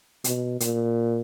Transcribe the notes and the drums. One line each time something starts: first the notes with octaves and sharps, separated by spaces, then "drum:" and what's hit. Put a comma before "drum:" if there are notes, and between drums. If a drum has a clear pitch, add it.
B2, drum: hi-hat
A#2, drum: hi-hat